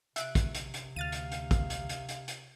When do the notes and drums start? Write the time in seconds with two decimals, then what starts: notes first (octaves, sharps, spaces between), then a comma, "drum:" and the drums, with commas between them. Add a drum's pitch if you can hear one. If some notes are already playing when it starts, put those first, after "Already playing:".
0.16 C3 E5 F#6 D7, drum: hi-hat
0.35 drum: kick, hi-hat
0.55 drum: hi-hat
0.74 drum: hi-hat
0.96 D2 F5 F6 A6 D#7
1.12 drum: hi-hat
1.32 drum: hi-hat
1.51 drum: kick, hi-hat
1.70 drum: hi-hat
1.89 drum: hi-hat
2.09 drum: hi-hat
2.28 drum: hi-hat